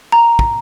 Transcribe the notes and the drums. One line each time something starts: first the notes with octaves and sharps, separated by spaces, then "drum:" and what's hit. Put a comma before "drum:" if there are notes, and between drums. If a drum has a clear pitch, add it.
A#5
drum: kick